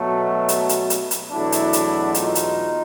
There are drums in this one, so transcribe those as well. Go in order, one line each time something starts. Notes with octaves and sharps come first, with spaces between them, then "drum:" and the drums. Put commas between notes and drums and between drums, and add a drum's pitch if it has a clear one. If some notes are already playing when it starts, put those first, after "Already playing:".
Already playing: B2 F#3 A3
drum: hi-hat
drum: hi-hat
drum: hi-hat
drum: hi-hat
E2 B2 F#3 A3 D4 E4
drum: hi-hat
drum: hi-hat
D#4 F4, drum: hi-hat
drum: hi-hat